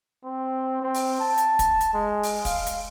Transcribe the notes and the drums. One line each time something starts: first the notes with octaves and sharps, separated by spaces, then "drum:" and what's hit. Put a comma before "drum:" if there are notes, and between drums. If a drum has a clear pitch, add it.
C4
C4
drum: open hi-hat
A5
drum: hi-hat
drum: kick, hi-hat
drum: hi-hat
G#3
drum: open hi-hat
F5, drum: kick, open hi-hat
drum: hi-hat